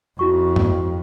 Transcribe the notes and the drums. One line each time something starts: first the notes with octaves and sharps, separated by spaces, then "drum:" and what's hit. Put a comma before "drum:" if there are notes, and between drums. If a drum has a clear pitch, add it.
F2 E4 F#4 C#6
drum: tom